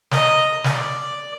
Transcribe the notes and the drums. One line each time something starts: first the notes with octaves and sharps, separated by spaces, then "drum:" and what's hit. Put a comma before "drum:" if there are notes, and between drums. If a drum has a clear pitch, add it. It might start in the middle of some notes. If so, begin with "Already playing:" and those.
D#5 A#5, drum: snare
drum: snare
D5